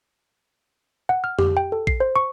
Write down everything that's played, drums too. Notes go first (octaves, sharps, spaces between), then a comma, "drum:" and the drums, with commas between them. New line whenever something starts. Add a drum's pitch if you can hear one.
F#5
F6
G4, drum: tom F2
G5
A4
C7, drum: kick A#1
C5
C#6